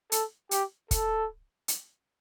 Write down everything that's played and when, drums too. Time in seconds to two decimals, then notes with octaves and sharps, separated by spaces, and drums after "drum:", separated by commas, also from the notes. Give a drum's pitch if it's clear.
0.12 A4, drum: hi-hat
0.51 G4, drum: hi-hat
0.91 A4, drum: kick, hi-hat
1.68 drum: hi-hat